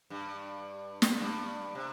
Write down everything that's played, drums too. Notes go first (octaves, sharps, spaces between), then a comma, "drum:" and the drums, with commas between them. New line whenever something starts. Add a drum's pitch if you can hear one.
G2
drum: snare
G2
C3